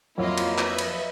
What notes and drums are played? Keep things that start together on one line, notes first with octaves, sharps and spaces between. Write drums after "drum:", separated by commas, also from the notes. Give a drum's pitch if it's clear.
F2 F#3 A#3 E4 F4 D#5
drum: cymbal
B4 D#5 E5, drum: clap
drum: cymbal